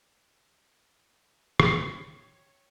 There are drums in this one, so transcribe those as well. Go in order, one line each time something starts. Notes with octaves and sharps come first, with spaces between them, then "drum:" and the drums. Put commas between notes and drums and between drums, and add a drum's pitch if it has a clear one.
C#5 G5, drum: rim click